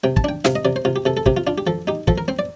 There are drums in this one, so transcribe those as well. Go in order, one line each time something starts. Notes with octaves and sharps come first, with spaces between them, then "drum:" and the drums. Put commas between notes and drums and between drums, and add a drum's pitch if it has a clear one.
C3 G5
A5, drum: kick
D4 G5
C3 F5, drum: snare
D#5
C3 D5
C5
C3 F4
G4
C3 A4
A4
C3 G4, drum: kick
F4
D4 F4
G4
F3 A4
D#4 G4
F3 A4, drum: kick
A#4
C4 C5
D5